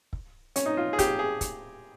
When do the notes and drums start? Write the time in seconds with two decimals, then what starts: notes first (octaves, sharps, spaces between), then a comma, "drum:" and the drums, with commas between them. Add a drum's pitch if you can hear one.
0.13 drum: kick
0.56 C#4, drum: hi-hat
0.66 D#4
0.77 F4
0.93 G#4
0.99 G4, drum: kick, hi-hat
1.19 G#4
1.41 drum: kick, hi-hat